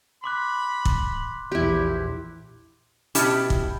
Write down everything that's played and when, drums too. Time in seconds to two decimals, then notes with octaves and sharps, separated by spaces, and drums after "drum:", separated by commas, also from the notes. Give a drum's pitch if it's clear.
0.24 B5 C6 D6 F#6
0.85 drum: kick
1.52 A#1 E2 E4 G4
3.15 B2 C#4 E4 G4 A5, drum: hi-hat
3.50 drum: kick